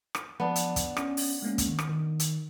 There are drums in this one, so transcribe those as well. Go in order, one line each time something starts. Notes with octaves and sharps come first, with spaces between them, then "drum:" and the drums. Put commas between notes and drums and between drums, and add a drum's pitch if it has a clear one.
drum: rim click
F3 B3 D4
drum: hi-hat
drum: kick, hi-hat
C#4, drum: rim click
drum: open hi-hat
G#3 A#3 C#4
drum: kick, hi-hat
D#3
drum: rim click
D#3
drum: hi-hat